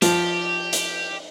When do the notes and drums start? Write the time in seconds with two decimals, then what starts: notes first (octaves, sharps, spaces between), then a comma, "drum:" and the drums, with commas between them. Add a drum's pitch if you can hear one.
0.02 F3 G4, drum: hi-hat
0.73 drum: hi-hat